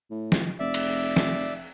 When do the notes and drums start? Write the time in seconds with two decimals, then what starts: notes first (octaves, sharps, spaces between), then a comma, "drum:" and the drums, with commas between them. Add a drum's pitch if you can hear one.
0.11 A2
0.32 drum: snare
0.59 F1 D5 E5
0.74 drum: cymbal
1.16 drum: snare